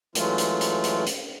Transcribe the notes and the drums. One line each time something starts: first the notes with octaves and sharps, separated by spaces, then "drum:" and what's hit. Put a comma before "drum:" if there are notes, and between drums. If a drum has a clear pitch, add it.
E3 F#3 G#3 A3 F4, drum: hi-hat
drum: hi-hat
drum: hi-hat
drum: hi-hat
drum: hi-hat